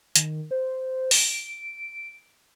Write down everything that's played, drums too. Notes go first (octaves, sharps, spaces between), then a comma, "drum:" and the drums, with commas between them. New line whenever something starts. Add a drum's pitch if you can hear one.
D#3, drum: hi-hat
C5
D7, drum: open hi-hat